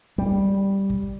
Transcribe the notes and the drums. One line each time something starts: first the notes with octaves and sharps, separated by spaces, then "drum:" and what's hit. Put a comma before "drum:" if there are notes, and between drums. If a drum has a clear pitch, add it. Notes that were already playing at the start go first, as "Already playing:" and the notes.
G3, drum: kick
drum: kick